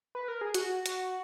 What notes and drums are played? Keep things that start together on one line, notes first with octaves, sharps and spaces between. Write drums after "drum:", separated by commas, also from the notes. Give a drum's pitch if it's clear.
B4
A#4
G#4
F#4, drum: hi-hat
drum: hi-hat